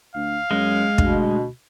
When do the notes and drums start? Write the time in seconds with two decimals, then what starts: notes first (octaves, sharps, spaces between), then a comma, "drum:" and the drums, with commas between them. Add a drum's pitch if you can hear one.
0.15 D2 F5
0.51 F#2 G#3
0.98 D2 B2, drum: kick